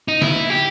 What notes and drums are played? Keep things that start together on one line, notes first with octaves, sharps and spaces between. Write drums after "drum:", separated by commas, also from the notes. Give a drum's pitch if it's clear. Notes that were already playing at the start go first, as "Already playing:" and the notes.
D#4
E4, drum: snare
G4